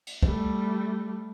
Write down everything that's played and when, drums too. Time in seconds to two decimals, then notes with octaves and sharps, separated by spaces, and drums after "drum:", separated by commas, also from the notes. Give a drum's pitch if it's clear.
0.07 drum: cymbal
0.23 G3 A3, drum: kick